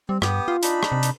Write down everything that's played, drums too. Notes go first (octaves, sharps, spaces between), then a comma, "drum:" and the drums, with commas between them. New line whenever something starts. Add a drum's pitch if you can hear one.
G3 C4
G2 B3 G4 D#6, drum: rim click
F4
D4 D#4 B5, drum: hi-hat
drum: rim click
C3
drum: hi-hat